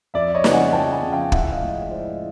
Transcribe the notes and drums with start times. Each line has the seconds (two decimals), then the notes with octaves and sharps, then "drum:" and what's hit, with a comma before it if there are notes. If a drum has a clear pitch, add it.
0.14 F2 D5 E5
0.34 C#5 D#5
0.44 C#3 F3, drum: snare
0.53 F#5 G#5
0.73 F2 G5 A5
0.92 F#5 G#5
1.02 C#3 F3
1.12 F5 G5
1.32 A2 E5 F#5, drum: kick
1.52 D#5 F5
1.61 F3 G#3
1.82 D#5
1.91 A2 C5 D5